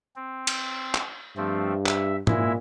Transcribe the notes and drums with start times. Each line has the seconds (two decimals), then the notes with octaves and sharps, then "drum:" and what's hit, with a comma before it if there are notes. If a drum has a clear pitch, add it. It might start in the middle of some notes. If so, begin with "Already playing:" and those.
0.16 C4
0.47 drum: cymbal
0.94 drum: clap
1.37 G2 F3 A3 C4
1.86 E5, drum: clap
2.27 A#2 G#3 E4 E5, drum: tom G#2